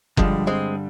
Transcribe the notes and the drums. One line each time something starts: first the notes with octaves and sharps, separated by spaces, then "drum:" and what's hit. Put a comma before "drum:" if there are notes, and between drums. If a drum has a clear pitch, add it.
G2 D3 F3 G3 G#3 D4 G4, drum: kick F#1
G#3 C4